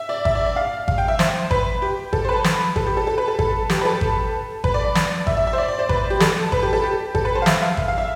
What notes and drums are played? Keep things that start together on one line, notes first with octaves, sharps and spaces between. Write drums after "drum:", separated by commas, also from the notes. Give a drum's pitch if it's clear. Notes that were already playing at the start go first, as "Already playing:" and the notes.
Already playing: E5
D5
E5, drum: kick G#1
D5
D5
F5
F5, drum: kick G#1
G5
E5
C5, drum: snare
B4, drum: kick G#1
G4
A4, drum: kick G#1
C5
B4
drum: snare
A4, drum: kick G#1
G4
A4
A4
B4
A4
A4, drum: kick G#1
G4, drum: snare
B4
A4
drum: kick G#1
B4, drum: kick G#1
D5
D5
D5, drum: snare
E5, drum: kick G#1
E5
E5
C5
D5
D5
C5
B4, drum: kick G#1
G4
A4, drum: snare
B4, drum: kick G#1
G4
A4
G4
A4, drum: kick G#1
B4
C5
F5
E5, drum: snare
F5
drum: kick G#1
F5
E5